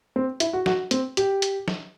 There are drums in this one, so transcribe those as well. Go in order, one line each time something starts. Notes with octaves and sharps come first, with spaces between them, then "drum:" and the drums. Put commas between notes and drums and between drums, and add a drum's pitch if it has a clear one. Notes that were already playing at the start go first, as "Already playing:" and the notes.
C4
E4, drum: hi-hat
F#4
F#4, drum: snare
C4, drum: hi-hat
G4, drum: hi-hat
drum: hi-hat
drum: snare